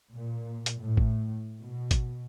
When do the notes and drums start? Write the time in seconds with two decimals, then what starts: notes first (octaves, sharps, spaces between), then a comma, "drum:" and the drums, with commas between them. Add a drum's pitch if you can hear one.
0.13 A#2
0.66 drum: hi-hat
0.81 A2
0.97 drum: kick G#1
1.60 B2
1.91 drum: kick G#1, hi-hat